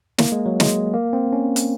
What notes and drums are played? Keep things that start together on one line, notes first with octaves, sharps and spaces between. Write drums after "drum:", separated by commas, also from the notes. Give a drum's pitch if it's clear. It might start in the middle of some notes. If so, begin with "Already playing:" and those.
A#3, drum: snare
G#3
F#3
G#3, drum: snare
A#3
C4
C#4
drum: hi-hat